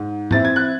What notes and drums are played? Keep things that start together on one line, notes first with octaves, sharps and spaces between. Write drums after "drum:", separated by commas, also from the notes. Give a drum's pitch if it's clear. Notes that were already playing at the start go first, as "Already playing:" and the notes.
Already playing: G#2
E3 C4 E4 A6, drum: tom G#2
G#6
F#6